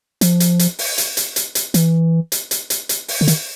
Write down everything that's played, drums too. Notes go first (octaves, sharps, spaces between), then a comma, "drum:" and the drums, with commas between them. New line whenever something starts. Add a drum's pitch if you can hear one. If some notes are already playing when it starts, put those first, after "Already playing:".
F3, drum: hi-hat
drum: hi-hat
drum: hi-hat
drum: open hi-hat
drum: hi-hat
drum: hi-hat
drum: hi-hat
drum: hi-hat
E3, drum: hi-hat
drum: hi-hat
drum: hi-hat
drum: hi-hat
drum: hi-hat
drum: open hi-hat
D3
D#3, drum: hi-hat